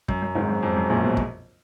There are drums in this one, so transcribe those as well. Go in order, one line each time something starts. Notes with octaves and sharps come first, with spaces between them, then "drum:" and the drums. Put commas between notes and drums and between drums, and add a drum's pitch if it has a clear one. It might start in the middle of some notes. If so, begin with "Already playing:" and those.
F#2, drum: kick
F#2
G#1 G#2
F#2
F2
F#2
A#1 A#2
B2
drum: kick